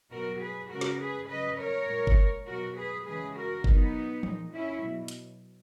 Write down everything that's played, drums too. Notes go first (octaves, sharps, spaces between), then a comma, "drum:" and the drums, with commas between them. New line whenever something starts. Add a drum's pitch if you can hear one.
B2 F#3 F#4 A#4
G#4 B4
C#3 G#3 F#4 A#4
drum: snare
G#4 B4
C#3 F#3 B4 D#5
A#4 C#5
A#2 G#3
drum: kick G1
B2 F#3 F#4 A#4
G#4 B4
C#3 E3 G#3 G#4 B4
F#4 A#4
B2 F#3 B3 D#4, drum: kick G1
A#2 G#3, drum: tom E3
C#4 E4
B2 F#3
drum: hi-hat